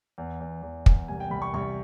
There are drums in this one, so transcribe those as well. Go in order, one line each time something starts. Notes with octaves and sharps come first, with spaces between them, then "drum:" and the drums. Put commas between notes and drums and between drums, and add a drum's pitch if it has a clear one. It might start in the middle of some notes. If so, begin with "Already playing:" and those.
E2
E2
E2
E2, drum: kick
C2 G#5
G5
C2 B5
C#6
C2 C#6